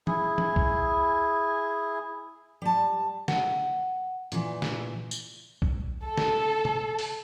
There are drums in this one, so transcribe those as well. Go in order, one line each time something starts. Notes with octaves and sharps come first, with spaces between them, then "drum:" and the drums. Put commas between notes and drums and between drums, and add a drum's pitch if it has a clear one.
E4 G#4, drum: tom
drum: tom
drum: kick B1
G3 A5
F#5, drum: snare
A#2 E3, drum: hi-hat
drum: snare
drum: tambourine
drum: kick B1
A4
drum: snare
drum: tom
drum: open hi-hat